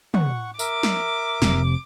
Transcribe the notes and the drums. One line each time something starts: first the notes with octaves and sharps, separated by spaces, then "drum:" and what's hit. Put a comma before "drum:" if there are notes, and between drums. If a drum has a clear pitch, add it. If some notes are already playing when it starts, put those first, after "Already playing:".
F#5 C#6, drum: tom
A#4 E5 D6, drum: tambourine
drum: snare
F1 C3, drum: snare